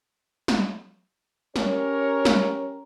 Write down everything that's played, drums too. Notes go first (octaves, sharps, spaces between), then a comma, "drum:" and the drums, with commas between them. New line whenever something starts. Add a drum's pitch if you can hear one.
drum: snare
C#4 G4 A#4 C#5, drum: snare
drum: snare